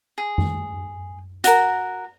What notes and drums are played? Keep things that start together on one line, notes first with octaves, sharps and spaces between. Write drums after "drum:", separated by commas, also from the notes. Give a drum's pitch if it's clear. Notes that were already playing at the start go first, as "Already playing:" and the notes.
G#4
drum: tom F#2
F#4 A#4, drum: hi-hat